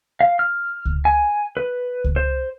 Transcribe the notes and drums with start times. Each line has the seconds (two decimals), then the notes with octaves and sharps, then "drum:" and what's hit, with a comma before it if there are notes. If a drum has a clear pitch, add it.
0.21 F5
0.39 F6
0.85 drum: kick C#2
1.05 G#5
1.57 B4
2.04 drum: kick C#2
2.16 C5